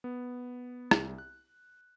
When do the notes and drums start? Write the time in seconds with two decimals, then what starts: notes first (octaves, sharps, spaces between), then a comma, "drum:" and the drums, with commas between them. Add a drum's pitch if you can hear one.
0.04 B3
0.91 C2, drum: rim click
1.18 F#6